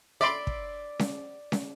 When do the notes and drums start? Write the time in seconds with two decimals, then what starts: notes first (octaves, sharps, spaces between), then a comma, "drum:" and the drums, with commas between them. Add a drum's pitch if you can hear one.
0.21 D5 E5 B5 C6
0.47 drum: kick
0.99 drum: snare C#4
1.52 drum: snare C#4